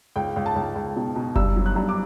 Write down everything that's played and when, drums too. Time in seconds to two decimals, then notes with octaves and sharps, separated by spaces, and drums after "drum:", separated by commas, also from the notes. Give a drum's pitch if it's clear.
0.16 C#2 G5
0.36 C#2
0.46 A5
0.56 C#2
0.75 C#2
0.96 B2
1.16 B2
1.36 G2 E6, drum: kick F#1
1.56 F#3
1.66 F#6
1.76 G2
1.89 D6